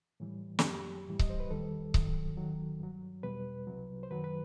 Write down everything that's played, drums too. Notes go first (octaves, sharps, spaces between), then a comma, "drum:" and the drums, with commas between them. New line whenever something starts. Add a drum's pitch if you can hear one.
A2 E3 G3
A4, drum: snare
F#2 F#3 G4
A2 E3 G3
D#5, drum: kick C#1
C5
B4
E2 D#3 G3 A4
G2 D#3 F#3, drum: kick C#1
D#2 D#3 F#3
G2 F#3
E2 B2 G3 B4
C2 C3 F#3
C5
F#2 D#3 F#3 B4
B4